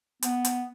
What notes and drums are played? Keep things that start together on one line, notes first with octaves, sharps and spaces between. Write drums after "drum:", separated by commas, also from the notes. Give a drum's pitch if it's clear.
B3, drum: hi-hat
drum: hi-hat